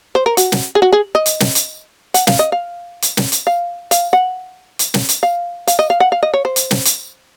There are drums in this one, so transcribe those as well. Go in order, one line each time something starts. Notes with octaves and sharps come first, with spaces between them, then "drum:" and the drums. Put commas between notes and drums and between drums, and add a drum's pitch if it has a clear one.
C5
A#4
F#4, drum: hi-hat
drum: snare
G#4
F#4
G#4
D#5
drum: hi-hat
drum: snare
drum: hi-hat
F#5, drum: hi-hat
F5, drum: snare
D#5
F5
drum: hi-hat
drum: snare
drum: hi-hat
F5
F5, drum: hi-hat
F#5
drum: hi-hat
drum: snare
drum: hi-hat
F5
F5, drum: hi-hat
D#5
F5
F#5
F5
D#5
C#5
C5
drum: hi-hat
drum: snare
drum: hi-hat